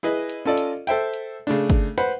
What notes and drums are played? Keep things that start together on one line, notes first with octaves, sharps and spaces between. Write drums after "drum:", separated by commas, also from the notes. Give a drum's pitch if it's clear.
E4 G#4 B4 D#5
drum: hi-hat
C#4 F4 A4 D5 D#5
drum: hi-hat
A4 C5 E5 G5, drum: hi-hat
drum: hi-hat
C#3 A3 D4
drum: kick, hi-hat
B4 C5 F#5 B5, drum: hi-hat